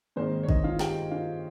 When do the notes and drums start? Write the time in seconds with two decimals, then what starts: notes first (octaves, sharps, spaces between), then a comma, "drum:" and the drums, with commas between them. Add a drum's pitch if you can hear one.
0.16 G#2 D#3 A#3 C4 D#4 C5
0.43 C#5
0.49 D#4 D#5, drum: kick
0.64 F4 F5
0.79 G4 G5, drum: snare
1.11 F4 F5